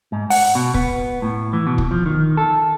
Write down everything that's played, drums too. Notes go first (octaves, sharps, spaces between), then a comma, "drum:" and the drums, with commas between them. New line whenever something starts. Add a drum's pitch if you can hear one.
G#2
F#5, drum: open hi-hat
B2
B3, drum: kick
A2
E3
B2
drum: kick
F3
D#3
A4